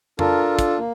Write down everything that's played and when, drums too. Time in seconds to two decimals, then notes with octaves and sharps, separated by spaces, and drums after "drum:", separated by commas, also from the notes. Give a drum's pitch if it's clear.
0.19 D4 F4 A4 A#4, drum: tom F2
0.59 drum: kick, hi-hat
0.79 A#3